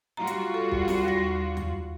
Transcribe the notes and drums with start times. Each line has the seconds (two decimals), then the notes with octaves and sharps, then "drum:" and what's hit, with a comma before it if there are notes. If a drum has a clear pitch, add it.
0.17 G3 F4 F#4 A#5
0.27 drum: hi-hat
0.54 A4
0.72 drum: kick B1
0.88 drum: snare C4
1.04 D#2 A#6
1.57 drum: tom E2